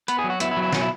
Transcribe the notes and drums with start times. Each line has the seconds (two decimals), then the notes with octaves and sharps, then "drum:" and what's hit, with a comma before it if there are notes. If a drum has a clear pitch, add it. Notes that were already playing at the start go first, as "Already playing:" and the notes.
0.08 B3 B4, drum: hi-hat
0.19 G#4
0.24 F#3
0.30 F#4
0.40 B3 E4, drum: hi-hat
0.51 E4
0.57 F#3
0.62 E4
0.73 B2 C#4, drum: snare
0.82 E4